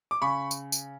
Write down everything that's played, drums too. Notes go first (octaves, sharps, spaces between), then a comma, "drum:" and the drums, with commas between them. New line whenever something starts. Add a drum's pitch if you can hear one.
D6
C#3 B5 C#6
drum: tambourine
drum: tambourine